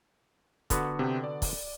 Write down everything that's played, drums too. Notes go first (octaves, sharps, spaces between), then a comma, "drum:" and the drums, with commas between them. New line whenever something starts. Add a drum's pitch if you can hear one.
D3 B3 F#4, drum: kick, hi-hat
C3 C4 G5
D5
drum: kick, open hi-hat